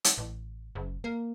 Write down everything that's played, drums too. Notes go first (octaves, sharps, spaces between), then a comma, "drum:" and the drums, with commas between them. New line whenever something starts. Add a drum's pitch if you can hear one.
drum: hi-hat
A1
F#1
A#3